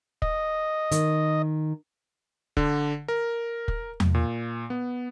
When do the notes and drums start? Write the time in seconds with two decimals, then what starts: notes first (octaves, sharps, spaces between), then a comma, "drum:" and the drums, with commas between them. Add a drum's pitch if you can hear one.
0.22 D#5, drum: kick
0.91 D#3, drum: hi-hat
2.57 D3, drum: kick
3.08 A#4
3.68 drum: kick
4.00 drum: tom E2
4.14 A#2
4.70 B3